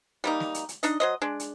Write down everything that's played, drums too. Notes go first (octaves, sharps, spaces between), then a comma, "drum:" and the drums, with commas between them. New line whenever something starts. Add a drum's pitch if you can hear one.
G3 A#3 D#4
drum: snare
drum: hi-hat
drum: hi-hat
D4 D#4 D#5, drum: hi-hat
F#3 C5 D#5
G#3 D4
drum: hi-hat